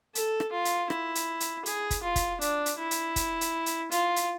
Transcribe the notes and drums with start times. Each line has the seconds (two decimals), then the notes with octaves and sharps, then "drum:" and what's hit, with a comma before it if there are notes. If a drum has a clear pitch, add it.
0.15 A4, drum: hi-hat
0.40 drum: rim click
0.52 F4
0.65 drum: hi-hat
0.90 E4, drum: rim click
1.15 drum: hi-hat
1.40 drum: hi-hat
1.66 G#4, drum: hi-hat
1.91 drum: kick, hi-hat
2.03 F4
2.16 drum: kick, hi-hat
2.41 D4, drum: hi-hat
2.66 drum: hi-hat
2.79 E4
2.91 drum: hi-hat
3.16 drum: kick, hi-hat
3.41 drum: hi-hat
3.66 drum: hi-hat
3.91 F4, drum: hi-hat
4.16 drum: hi-hat